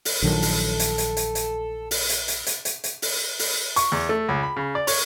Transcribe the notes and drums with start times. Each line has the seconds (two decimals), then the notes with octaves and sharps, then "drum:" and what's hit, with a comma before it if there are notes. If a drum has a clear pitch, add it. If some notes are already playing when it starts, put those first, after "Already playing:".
0.05 drum: open hi-hat
0.22 A#1 D#3 F#3 A4
0.42 drum: open hi-hat
0.79 drum: hi-hat
0.98 drum: hi-hat
1.17 drum: hi-hat
1.35 drum: hi-hat
1.91 drum: open hi-hat
2.09 drum: hi-hat
2.28 drum: hi-hat
2.47 drum: hi-hat
2.65 drum: hi-hat
2.84 drum: hi-hat
3.02 drum: open hi-hat
3.39 drum: open hi-hat
3.76 C#6, drum: hi-hat
3.92 E2
4.09 A3
4.29 C#2
4.43 B5
4.56 C#3
4.75 D5
4.87 C#5, drum: open hi-hat